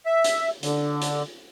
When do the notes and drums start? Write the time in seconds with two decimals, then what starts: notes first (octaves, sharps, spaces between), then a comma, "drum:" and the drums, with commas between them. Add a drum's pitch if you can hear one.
0.06 E5
0.24 drum: hi-hat
0.63 D3, drum: hi-hat
1.02 drum: hi-hat